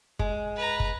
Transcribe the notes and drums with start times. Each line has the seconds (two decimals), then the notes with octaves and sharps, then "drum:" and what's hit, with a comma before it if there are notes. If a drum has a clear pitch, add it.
0.19 G#3, drum: kick
0.56 B4 A#5
0.80 drum: kick